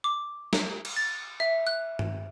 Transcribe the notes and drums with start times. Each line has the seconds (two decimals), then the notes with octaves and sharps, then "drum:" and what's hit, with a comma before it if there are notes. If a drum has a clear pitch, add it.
0.04 D6
0.53 drum: snare
0.85 drum: cymbal
0.96 A6
1.40 E5
1.67 F#6
1.99 drum: tom G2